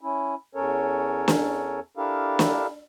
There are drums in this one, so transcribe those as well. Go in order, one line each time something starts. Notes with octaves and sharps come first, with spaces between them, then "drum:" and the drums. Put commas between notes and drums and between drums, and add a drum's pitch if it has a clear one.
C#4 E4
E2 C#4 A4 A#4 C#5
drum: snare
D4 E4 G4 A4 A#4 F5
drum: snare